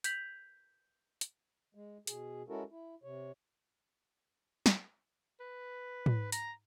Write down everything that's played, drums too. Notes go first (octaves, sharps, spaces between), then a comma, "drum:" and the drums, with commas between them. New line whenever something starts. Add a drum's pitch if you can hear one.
G6 G#6 B6 F7 F#7, drum: hi-hat
drum: hi-hat
G#3
B2 G#4, drum: hi-hat
G#3 C#4 E4 F#4 A4 A#4
E4
C3 C#5
drum: snare
B4
drum: tom
A#5, drum: hi-hat